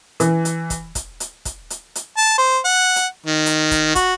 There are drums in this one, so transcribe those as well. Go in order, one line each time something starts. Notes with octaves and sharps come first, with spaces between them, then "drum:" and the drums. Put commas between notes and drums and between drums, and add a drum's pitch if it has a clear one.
E3, drum: hi-hat
drum: hi-hat
drum: kick, hi-hat
drum: kick, hi-hat
drum: hi-hat
drum: kick, hi-hat
drum: hi-hat
drum: hi-hat
A5
C5
F#5
drum: hi-hat
D#3
drum: hi-hat
drum: kick, hi-hat
F#4, drum: kick, hi-hat